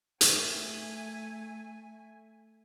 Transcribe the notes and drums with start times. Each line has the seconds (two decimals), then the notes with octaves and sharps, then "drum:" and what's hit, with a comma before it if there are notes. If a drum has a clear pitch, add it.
0.21 A3 G#5, drum: hi-hat